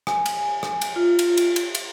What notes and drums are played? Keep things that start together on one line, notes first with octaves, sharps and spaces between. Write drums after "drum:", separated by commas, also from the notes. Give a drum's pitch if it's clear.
G#5, drum: rim click
drum: cymbal
drum: rim click
drum: cymbal
F4
drum: cymbal
drum: cymbal
drum: cymbal
drum: cymbal